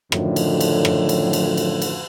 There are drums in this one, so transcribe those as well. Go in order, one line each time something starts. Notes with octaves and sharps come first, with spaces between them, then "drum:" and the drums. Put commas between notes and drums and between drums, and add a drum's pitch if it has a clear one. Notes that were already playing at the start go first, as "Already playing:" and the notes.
F#2 A2 D3 D#3 F3 F#3, drum: rim click
drum: cymbal
drum: cymbal
drum: rim click
drum: cymbal
drum: cymbal
drum: cymbal
drum: cymbal